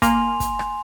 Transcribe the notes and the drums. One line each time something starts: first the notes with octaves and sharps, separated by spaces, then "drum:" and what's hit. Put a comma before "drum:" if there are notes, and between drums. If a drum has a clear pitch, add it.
A#3 G#5 C6 F7, drum: kick, hi-hat
drum: kick, hi-hat
drum: rim click